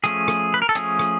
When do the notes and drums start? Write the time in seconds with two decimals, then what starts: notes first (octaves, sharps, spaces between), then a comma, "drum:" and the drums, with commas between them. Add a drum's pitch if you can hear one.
0.04 F3 A3 C#4 G#4, drum: hi-hat
0.28 drum: rim click
0.54 B4
0.62 A#4
0.69 A4
0.75 F3 A3 C#4 G#4, drum: hi-hat
0.99 drum: rim click